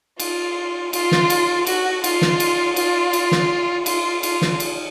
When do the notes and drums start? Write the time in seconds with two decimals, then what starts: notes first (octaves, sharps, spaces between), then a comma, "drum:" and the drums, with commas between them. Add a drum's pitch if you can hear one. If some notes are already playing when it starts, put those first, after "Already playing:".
0.20 F4, drum: cymbal
0.93 F4, drum: cymbal
1.12 drum: snare
1.30 drum: cymbal
1.67 F#4, drum: cymbal
2.04 F4, drum: cymbal
2.22 drum: snare
2.40 drum: cymbal
2.76 F4, drum: cymbal
3.13 drum: cymbal
3.32 drum: snare
3.86 F4, drum: cymbal
4.23 F4, drum: cymbal
4.42 drum: snare
4.60 drum: cymbal